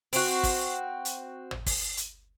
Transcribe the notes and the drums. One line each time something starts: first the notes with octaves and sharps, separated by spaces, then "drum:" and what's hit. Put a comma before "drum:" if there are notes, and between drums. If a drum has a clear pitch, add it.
C4 F#4, drum: open hi-hat
drum: kick, open hi-hat
drum: hi-hat
drum: tom G#1
drum: kick, open hi-hat
drum: hi-hat